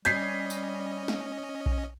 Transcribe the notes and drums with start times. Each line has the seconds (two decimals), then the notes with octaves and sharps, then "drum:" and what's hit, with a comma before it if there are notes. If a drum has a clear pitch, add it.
0.05 G3 C#4 D#5 G6 G#6 B6 C7, drum: hi-hat
0.50 drum: tambourine
1.08 drum: snare
1.66 drum: kick B1